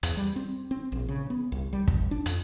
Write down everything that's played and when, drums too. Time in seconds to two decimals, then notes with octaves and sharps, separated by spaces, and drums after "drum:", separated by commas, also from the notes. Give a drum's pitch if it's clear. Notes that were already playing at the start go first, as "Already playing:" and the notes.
0.03 E2, drum: hi-hat
0.17 G3
0.36 C4
0.71 C4
0.92 A#1
1.09 C#3
1.30 B3
1.52 C2
1.73 G3
1.88 F1, drum: kick
2.11 D4
2.26 F2, drum: hi-hat